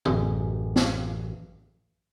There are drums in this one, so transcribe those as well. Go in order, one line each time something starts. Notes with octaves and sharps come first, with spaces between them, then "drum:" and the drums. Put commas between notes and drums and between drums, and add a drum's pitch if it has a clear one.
A1 F#2 G#4, drum: tom
drum: snare